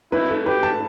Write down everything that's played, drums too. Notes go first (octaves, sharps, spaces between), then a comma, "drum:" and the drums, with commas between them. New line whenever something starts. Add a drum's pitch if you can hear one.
E4 B4, drum: cymbal
A4
G4 B4
A5